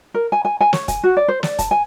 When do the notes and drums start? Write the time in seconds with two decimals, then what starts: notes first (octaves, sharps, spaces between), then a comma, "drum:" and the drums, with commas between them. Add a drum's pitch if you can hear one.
0.14 A#4
0.32 G#5
0.45 G#5
0.61 G#5
0.73 C#5, drum: snare
0.88 G#5, drum: kick, hi-hat
1.03 F#4
1.17 D5
1.28 C5
1.43 D5, drum: snare
1.59 A5, drum: kick, hi-hat
1.71 G#5